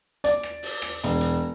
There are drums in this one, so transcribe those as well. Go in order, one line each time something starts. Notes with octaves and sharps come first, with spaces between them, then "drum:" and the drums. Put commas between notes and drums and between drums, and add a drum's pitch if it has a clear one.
D5, drum: hi-hat
drum: rim click
drum: open hi-hat
drum: rim click
E1, drum: hi-hat
drum: hi-hat